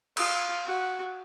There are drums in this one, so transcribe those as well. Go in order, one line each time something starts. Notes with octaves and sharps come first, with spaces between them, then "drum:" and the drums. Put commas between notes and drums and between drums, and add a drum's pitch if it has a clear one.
F4, drum: cymbal
F#4